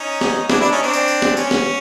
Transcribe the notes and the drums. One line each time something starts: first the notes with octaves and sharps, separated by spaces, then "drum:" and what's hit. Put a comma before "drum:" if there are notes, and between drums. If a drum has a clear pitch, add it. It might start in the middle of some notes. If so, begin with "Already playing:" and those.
Already playing: C#4 D#4
drum: snare
D4 E4, drum: snare
D4 E4
C#4 D#4
C4 D4
drum: tambourine
drum: tambourine
drum: snare
C#4, drum: tambourine
drum: snare